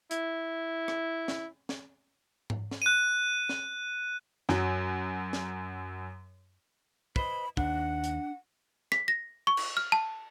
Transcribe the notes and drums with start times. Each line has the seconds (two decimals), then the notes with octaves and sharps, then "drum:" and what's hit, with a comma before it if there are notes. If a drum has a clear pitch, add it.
0.11 E4, drum: hi-hat
0.88 drum: rim click
1.28 drum: snare
1.69 drum: snare
2.50 drum: tom G#2
2.71 drum: snare
2.82 F#6 D#7
3.49 drum: snare
4.49 F#2 F#3, drum: snare
5.33 drum: snare
7.16 B4 C5 D#5 B5, drum: kick
7.57 D#2 D4 F#5, drum: kick
8.04 drum: hi-hat
8.92 B6, drum: rim click
9.08 A#6
9.47 C#6
9.57 drum: cymbal
9.77 F6
9.92 A5